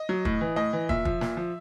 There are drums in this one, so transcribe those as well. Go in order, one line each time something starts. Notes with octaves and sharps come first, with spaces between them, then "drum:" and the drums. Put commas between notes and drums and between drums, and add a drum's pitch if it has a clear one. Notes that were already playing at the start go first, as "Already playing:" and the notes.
Already playing: D#5
F#3
A2, drum: kick
E3
A2 D#5
E3
A#2 E5, drum: kick
F3, drum: kick
A#2, drum: snare
F3